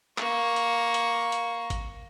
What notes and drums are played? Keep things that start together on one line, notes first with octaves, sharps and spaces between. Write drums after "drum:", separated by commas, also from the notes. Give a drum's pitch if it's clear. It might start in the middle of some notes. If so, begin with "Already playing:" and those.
A#3 C#6, drum: clap
drum: hi-hat
drum: hi-hat
drum: hi-hat
drum: kick A1, hi-hat